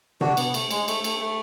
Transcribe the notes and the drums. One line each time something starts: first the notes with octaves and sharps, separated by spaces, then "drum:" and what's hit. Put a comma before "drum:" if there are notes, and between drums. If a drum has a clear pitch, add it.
D4 F#4, drum: tom C3
B3, drum: cymbal
A3, drum: cymbal
G#3, drum: cymbal
A3, drum: cymbal
A3, drum: cymbal
A3